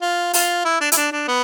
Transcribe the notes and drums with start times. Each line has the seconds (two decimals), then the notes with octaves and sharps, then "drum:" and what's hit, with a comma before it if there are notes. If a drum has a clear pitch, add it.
0.02 F4
0.33 F4, drum: open hi-hat
0.65 E4
0.81 D4
0.92 E4, drum: hi-hat
0.97 D4
1.12 D4
1.28 B3